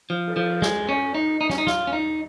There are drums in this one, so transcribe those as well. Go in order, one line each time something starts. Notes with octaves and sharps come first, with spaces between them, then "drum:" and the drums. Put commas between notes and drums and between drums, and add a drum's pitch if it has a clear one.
F3
drum: cymbal
F3
G#3, drum: snare
C#4
D#4
D#4
C#4, drum: snare
D#4
F4, drum: snare
C#4
D#4